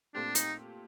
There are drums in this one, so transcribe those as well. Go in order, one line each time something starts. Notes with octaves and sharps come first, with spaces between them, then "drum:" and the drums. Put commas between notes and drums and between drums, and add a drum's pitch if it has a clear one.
A#2 A3 C4 D4 G4
D#4, drum: hi-hat